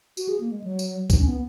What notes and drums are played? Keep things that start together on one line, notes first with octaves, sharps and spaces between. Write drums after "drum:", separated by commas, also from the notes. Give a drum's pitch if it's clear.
F#4, drum: tambourine
G#4
A#3
G#3
F#3
drum: tambourine
D#4, drum: kick C#2, tambourine
C#4
B3